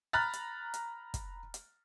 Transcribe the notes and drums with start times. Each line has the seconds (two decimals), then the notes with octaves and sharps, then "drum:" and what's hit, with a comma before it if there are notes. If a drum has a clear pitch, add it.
0.13 A#5 B5 F6 F#6 A6
0.33 drum: hi-hat
0.74 drum: hi-hat
1.14 drum: kick, hi-hat
1.54 drum: hi-hat